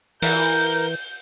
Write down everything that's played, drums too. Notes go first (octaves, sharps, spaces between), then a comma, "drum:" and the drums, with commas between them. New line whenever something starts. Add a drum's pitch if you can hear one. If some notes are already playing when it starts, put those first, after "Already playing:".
E3 A#4 G6, drum: open hi-hat